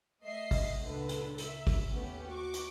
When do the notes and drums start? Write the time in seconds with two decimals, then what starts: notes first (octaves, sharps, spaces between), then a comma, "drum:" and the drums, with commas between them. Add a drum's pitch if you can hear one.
0.23 A3 D#5 E5 C7
0.51 drum: kick, open hi-hat
0.84 C#2 A#2 D3 B4
1.09 drum: hi-hat
1.38 A#4 E5, drum: hi-hat
1.67 drum: kick, open hi-hat
1.91 D#2 A3 B3 C#4 G4
2.29 F#4 C#6 D6
2.53 drum: hi-hat